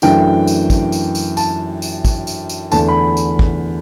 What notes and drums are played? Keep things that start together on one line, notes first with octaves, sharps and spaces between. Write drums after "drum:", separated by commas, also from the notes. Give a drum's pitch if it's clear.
F#2 E3 A3 D4 G5, drum: tambourine
drum: tambourine
drum: kick, tambourine
drum: tambourine
drum: tambourine
A5, drum: tambourine
drum: tambourine
drum: kick, tambourine
drum: tambourine
drum: tambourine
E2 D3 A3 A5, drum: tambourine
B5
drum: tambourine
drum: kick